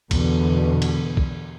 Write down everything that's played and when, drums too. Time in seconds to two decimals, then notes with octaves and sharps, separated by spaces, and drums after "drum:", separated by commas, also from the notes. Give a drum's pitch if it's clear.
0.11 E2 B2 D3, drum: kick, cymbal
0.82 drum: cymbal
1.17 drum: kick